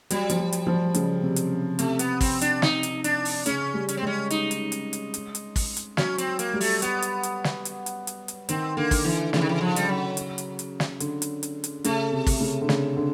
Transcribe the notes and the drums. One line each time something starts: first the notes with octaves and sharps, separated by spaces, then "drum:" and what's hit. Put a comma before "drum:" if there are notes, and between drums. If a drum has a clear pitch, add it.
F#3 G3, drum: hi-hat
F3, drum: hi-hat
F#3
drum: hi-hat
F3
C#3, drum: hi-hat
C3
drum: hi-hat
C3 A3, drum: hi-hat
B3, drum: hi-hat
C4, drum: kick, open hi-hat
D4, drum: hi-hat
D#4, drum: snare
drum: hi-hat
D4, drum: hi-hat
drum: open hi-hat
C#3 C#4, drum: hi-hat
G3
C#4, drum: hi-hat
C4
G#3 C#4
D#4, drum: hi-hat
drum: hi-hat
drum: hi-hat
drum: hi-hat
drum: hi-hat
drum: hi-hat
drum: kick, open hi-hat
drum: hi-hat
F#3 C#4, drum: snare
C4, drum: hi-hat
A#3, drum: hi-hat
G3
A3, drum: open hi-hat
B3, drum: hi-hat
drum: hi-hat
drum: hi-hat
drum: snare
drum: hi-hat
drum: hi-hat
drum: hi-hat
drum: hi-hat
D#3 C4, drum: hi-hat
D3 A#3
drum: kick, open hi-hat
D3 E3
C#3 E3, drum: snare
D#3
E3
F3
G3, drum: hi-hat
F#3
drum: hi-hat
drum: hi-hat
drum: hi-hat
drum: snare
D3, drum: hi-hat
drum: hi-hat
drum: hi-hat
drum: hi-hat
C#3 A3, drum: hi-hat
C3
drum: kick, open hi-hat
C#3
D3
C#3, drum: snare
D3